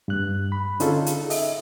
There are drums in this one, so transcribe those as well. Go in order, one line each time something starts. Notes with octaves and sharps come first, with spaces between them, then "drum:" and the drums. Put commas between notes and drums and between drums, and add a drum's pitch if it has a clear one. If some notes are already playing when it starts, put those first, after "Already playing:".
G2 F#6
B5
D3 C#4 D#4 F4 G#4 A4, drum: hi-hat
drum: hi-hat
D#5 E5, drum: open hi-hat